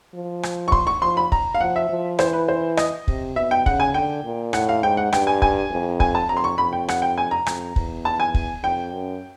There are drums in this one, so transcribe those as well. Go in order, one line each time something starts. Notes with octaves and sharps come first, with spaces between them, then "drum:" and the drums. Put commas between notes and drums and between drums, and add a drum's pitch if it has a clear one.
F3
drum: rim click
C#6
C6, drum: kick
C#6
F3 C6
B5
A#5, drum: kick
F5
F3 F#5
E5
F3
E3 C5, drum: rim click
B4
C5
D#5, drum: rim click
C3, drum: kick
B2 E5
G5
C#3 F#5, drum: kick
G#5
D3 G5
A#2
A2 F#5, drum: rim click
F5
G#2 G5
F#5
G2 G5, drum: rim click
G#5
G#5, drum: kick
F2
G#5, drum: kick
A5
F2 A#5
C6
C#6
F2 B5
G5
F#5, drum: rim click
G5
G#5
A#5
F2, drum: rim click
E2, drum: kick
A5
G#5
drum: kick
F2 G5
F#2